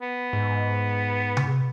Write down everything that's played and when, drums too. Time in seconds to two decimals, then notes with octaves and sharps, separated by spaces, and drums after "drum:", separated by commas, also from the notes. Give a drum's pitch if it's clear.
0.02 B3
0.33 G#2
1.37 drum: tom C3